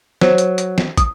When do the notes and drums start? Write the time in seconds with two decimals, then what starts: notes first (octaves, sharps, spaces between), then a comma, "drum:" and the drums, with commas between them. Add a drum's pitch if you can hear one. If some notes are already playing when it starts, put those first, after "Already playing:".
0.21 F#3 C5, drum: snare
0.38 drum: hi-hat
0.58 drum: hi-hat
0.78 drum: snare
0.97 D#6, drum: kick, hi-hat